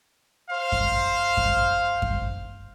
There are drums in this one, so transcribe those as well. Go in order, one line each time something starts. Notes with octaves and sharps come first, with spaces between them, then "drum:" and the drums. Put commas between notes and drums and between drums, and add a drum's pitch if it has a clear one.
C5 F5
drum: kick F#2
drum: kick F#2
drum: kick F#2